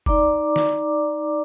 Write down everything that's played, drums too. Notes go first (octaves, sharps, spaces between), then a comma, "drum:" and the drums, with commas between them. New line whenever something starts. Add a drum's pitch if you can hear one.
D#4 D5 A#5 D6, drum: kick F1
drum: snare